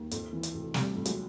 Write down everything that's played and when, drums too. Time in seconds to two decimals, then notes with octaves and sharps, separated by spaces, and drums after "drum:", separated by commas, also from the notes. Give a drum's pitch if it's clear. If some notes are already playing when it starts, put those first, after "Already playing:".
Already playing: D#2
0.11 F2, drum: hi-hat
0.33 E3
0.43 drum: hi-hat
0.54 F1
0.74 C3 G3 A3, drum: snare
0.96 F2
1.05 F#3 G#3, drum: hi-hat